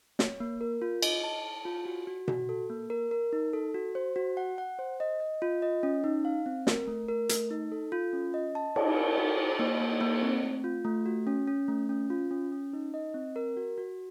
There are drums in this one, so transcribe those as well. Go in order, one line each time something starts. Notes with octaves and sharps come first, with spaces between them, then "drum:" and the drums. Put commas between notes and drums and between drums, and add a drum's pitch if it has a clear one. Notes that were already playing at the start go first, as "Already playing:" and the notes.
C#5, drum: snare
A#3
A#4
F4
D#5, drum: cymbal
A5
A5
F4
F#4
F#4
F#4, drum: tom B2
A4
A#3
A#4
A#4
D#4
A4
F#4
C5
F#4
F#5
F#5
C5
D#5
D#5
F4
D#5
C#4
D#4
F5
C4
A#4, drum: snare
A3
A#4
A3, drum: hi-hat
D#4
A4
F4
C#4
D#5
A5
A5, drum: cymbal
A#4
F#4
C5
A#3
A#3
A#3
C4
A3
F4
A3
F#4
C#4
C#4
A3
C#4
F4
C#4
C#4
D#4
D#5
C4
A#4
F#4
F#4